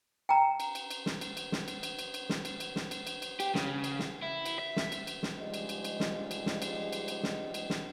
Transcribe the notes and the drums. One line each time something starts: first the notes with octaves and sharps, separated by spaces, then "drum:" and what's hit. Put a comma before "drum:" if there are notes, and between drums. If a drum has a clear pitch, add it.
G5 A#5
drum: cymbal
drum: cymbal
drum: cymbal
drum: snare
drum: cymbal
drum: cymbal
drum: snare
drum: cymbal
drum: cymbal
drum: cymbal
drum: cymbal
drum: snare
drum: cymbal
drum: cymbal
drum: snare
drum: cymbal
drum: cymbal
drum: cymbal
G4, drum: cymbal
C#3, drum: snare
drum: cymbal
drum: snare
E4
drum: cymbal
E5
drum: snare
drum: cymbal
drum: cymbal
drum: snare
G#2 C#3 F3 G3 G#3 D#5
drum: cymbal
drum: cymbal
drum: cymbal
drum: snare
drum: cymbal
drum: snare
drum: cymbal
drum: cymbal
drum: cymbal
drum: snare
drum: cymbal
drum: snare